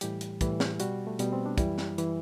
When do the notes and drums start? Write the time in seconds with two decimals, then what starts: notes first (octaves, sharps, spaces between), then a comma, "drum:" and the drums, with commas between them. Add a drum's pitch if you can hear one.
0.01 A2 E3 G3 G4, drum: hi-hat
0.21 drum: hi-hat
0.41 A2 E3 G3, drum: kick, hi-hat
0.60 drum: snare
0.80 B2 G3 F#4, drum: hi-hat
1.07 A3
1.19 B2 G3 B3, drum: hi-hat
1.33 C4
1.46 D4
1.58 F#2 E3 G3 E4, drum: kick, hi-hat
1.78 drum: snare
1.98 E3 G3, drum: hi-hat